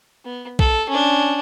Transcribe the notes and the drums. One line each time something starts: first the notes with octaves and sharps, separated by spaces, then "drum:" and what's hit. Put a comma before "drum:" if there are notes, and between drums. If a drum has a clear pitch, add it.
B3
A4, drum: kick
C#4 D4